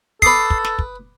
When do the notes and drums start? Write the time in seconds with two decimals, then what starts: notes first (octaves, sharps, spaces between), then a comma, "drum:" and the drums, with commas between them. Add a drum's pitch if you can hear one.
0.22 A4 B4 D6 D#6 C7, drum: kick
0.50 drum: kick
0.65 drum: snare
0.79 drum: kick